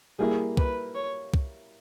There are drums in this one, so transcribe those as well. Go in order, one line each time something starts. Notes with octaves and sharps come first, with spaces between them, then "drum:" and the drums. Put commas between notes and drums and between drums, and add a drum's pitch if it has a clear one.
G3 A#3 E4 G#4
B4, drum: kick
C#5
drum: kick